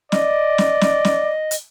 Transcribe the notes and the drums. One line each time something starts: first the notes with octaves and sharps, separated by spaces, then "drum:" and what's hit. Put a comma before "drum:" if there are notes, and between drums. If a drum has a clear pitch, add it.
D5 D#5, drum: snare
drum: snare
drum: snare
drum: snare
drum: hi-hat